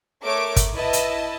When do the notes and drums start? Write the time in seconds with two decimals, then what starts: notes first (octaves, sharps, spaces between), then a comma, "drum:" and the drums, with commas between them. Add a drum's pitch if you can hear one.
0.23 A3 A#4 C#5 D6 D7
0.56 drum: kick G#1, hi-hat
0.75 E4 B4 D#5 A5
0.93 drum: hi-hat